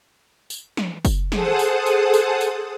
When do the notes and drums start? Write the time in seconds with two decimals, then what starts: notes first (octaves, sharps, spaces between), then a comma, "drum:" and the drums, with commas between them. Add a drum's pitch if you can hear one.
0.50 drum: tambourine
0.77 drum: snare
1.05 drum: kick, tambourine
1.32 G#4 A4 C5 F#5 A5 D#6, drum: snare
1.59 drum: tambourine
1.86 drum: tambourine
2.14 drum: tambourine
2.41 drum: tambourine